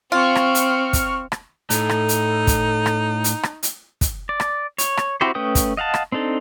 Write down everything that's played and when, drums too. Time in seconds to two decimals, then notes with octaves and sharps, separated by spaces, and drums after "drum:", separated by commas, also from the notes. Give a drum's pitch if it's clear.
0.12 C4 F4 C#6 F6
0.35 drum: rim click
0.55 drum: hi-hat
0.93 drum: kick, hi-hat
1.32 drum: rim click
1.70 A2 D#4 A4, drum: hi-hat
1.89 drum: rim click
2.09 drum: hi-hat
2.47 drum: kick, hi-hat
2.86 drum: rim click
3.24 drum: hi-hat
3.43 drum: rim click
3.63 drum: hi-hat
4.01 drum: kick, hi-hat
4.29 D5
4.40 drum: rim click
4.78 C#5, drum: hi-hat
4.97 drum: rim click
5.21 C4 E4 F#4 G4 C5
5.35 A3 C#4 B4 G5 D#6
5.55 drum: kick, hi-hat
5.77 D#5 F5 F#5 A5
5.94 drum: rim click
6.12 C4 D4 D#4 A4